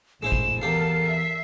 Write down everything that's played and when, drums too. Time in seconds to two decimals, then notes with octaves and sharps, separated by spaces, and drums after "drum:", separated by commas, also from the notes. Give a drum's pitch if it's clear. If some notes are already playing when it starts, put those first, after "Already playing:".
0.23 A#1 A2 G#3 E4 C5 E7
0.32 drum: kick G#1
0.62 E2 G4 A4 A#4 F5 A5 C7
1.04 E5